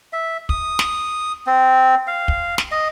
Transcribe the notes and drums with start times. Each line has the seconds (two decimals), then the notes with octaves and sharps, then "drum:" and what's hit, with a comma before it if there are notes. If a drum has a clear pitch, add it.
0.13 E5
0.49 D#6, drum: kick
0.79 drum: snare
1.47 C4
2.07 F5
2.28 drum: kick
2.58 drum: snare
2.71 D#5